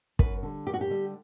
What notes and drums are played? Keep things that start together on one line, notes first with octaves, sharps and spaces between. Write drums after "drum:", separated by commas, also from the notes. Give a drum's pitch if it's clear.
F#2 B4, drum: kick
D3 G3
F#2 G4
F#4
G4
D3 G3